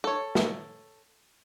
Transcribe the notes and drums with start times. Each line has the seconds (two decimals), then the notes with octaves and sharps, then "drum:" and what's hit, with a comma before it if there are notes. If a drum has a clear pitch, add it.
0.04 A4 C#5
0.35 drum: snare